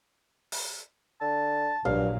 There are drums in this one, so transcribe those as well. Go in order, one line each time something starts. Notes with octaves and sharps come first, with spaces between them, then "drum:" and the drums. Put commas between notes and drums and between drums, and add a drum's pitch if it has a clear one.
drum: open hi-hat
D3 A5
A#1 G2 A#2 F#3 F5